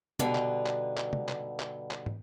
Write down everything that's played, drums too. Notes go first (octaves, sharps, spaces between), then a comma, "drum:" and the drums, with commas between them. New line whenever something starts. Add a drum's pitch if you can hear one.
G2 B2 D3 D#4, drum: tom C3
drum: clap
drum: clap
drum: clap
drum: tom C3
drum: clap
drum: clap
drum: clap
drum: tom